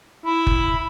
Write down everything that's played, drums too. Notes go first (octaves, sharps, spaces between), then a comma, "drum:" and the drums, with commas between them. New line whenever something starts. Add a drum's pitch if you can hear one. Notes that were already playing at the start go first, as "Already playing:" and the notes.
E4 B5
drum: kick F1